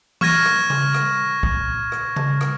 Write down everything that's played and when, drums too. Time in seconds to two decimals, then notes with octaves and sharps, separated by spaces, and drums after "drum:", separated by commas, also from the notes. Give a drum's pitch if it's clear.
0.21 C#6 F6 G#6 A#6 D#7, drum: tom E3
0.46 drum: rim click
0.70 drum: tom C#3
0.94 drum: rim click
1.43 drum: kick
1.92 drum: rim click
2.16 drum: tom C#3
2.41 drum: rim click